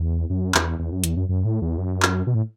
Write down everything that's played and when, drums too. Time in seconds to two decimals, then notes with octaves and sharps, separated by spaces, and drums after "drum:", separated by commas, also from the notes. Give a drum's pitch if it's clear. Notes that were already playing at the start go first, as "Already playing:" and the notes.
Already playing: E2
0.30 F#2
0.55 E2, drum: clap
0.79 E2
0.92 F#2
1.04 E2, drum: hi-hat
1.17 F#2
1.29 F#2
1.45 A2
1.62 E2
1.78 F#2
2.03 drum: clap
2.27 B2
2.35 A2